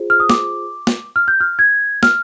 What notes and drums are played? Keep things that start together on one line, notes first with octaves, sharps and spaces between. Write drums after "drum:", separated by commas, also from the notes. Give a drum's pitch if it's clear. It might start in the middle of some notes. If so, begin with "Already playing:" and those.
Already playing: F4 G#4 C5
F6
D#6
D6, drum: snare
drum: snare
F6
G6
F6
G#6
F6, drum: snare